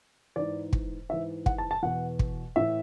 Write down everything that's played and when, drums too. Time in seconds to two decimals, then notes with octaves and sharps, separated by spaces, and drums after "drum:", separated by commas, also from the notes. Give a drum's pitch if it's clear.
0.36 G#2 E3 D5
0.73 drum: kick
1.09 G#2 E3 E5
1.46 F#5, drum: kick
1.58 A5
1.71 A5
1.83 E2 B2 F#5
2.19 drum: kick
2.56 A2 E3 E5